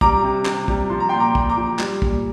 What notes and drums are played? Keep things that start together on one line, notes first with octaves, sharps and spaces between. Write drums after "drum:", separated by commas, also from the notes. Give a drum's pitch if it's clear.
G3 A#5 D6, drum: kick
C3
C3, drum: clap
G3, drum: kick
F3 C6
A#5
G5 C6
A#2
A#5 D6
A#2, drum: kick
A#5 D6
F3
G3, drum: clap
A#2, drum: kick